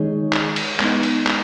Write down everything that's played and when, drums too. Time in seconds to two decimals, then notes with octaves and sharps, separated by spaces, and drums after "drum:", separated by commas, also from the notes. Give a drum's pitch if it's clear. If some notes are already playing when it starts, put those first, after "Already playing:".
Already playing: D#3 G#3 D#4 G#4 C#5
0.33 drum: clap
0.56 drum: cymbal
0.80 G#3 B3 D#4, drum: clap
1.03 drum: cymbal
1.27 drum: clap